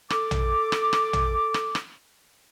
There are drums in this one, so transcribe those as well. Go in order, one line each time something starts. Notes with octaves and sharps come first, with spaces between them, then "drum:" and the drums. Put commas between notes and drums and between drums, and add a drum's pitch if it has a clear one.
A4 D6, drum: rim click
drum: tom A#1
drum: rim click
drum: rim click
drum: tom A#1
drum: rim click
drum: rim click